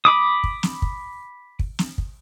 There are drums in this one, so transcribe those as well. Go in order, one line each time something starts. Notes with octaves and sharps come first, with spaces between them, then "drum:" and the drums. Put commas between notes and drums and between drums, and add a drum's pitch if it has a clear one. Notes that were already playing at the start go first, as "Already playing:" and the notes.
B5 D6 D#6
drum: kick
drum: snare
drum: kick
drum: kick
drum: snare
drum: kick